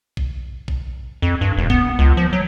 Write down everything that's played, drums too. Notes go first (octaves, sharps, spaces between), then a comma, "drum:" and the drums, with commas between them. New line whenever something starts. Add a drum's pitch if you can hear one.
drum: kick
drum: kick
F2
G2
E1
B3, drum: kick
C#2
F3
F#3